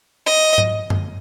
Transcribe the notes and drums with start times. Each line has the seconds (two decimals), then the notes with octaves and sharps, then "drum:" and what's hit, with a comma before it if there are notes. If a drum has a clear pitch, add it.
0.26 D#5
0.58 drum: tom G#2
0.90 drum: tom F#2